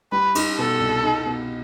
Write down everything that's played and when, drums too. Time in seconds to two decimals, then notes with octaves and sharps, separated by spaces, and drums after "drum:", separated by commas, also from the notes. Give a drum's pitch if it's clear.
0.12 G3 B4
0.35 D#4, drum: cymbal
0.59 B2 A4
0.80 C2
1.04 D#4
1.26 B2